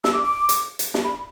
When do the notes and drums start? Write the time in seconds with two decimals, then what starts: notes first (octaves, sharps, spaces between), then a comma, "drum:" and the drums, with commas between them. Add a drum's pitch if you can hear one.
0.04 E6, drum: snare
0.13 D6
0.24 D6
0.49 drum: hi-hat
0.79 drum: hi-hat
0.94 drum: snare
1.04 B5